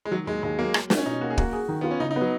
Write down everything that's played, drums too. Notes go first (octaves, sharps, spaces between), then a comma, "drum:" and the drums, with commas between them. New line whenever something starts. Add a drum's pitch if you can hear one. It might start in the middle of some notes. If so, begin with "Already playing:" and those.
G#3
D#3 F#3
D#2 G#3
D#2 G#3
F#3 A#3
F#3, drum: rim click
F4, drum: snare
C#4
B2 D#4
A#3 F#4
G#4
A#3 F#4, drum: kick
G#4
D#3
B3 F4
C#4
C#3 D#4
D#4
B3
F#3